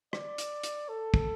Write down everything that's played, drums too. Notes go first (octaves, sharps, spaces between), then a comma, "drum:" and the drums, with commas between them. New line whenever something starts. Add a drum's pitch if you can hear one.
D5, drum: rim click
drum: hi-hat
drum: hi-hat
A4
drum: kick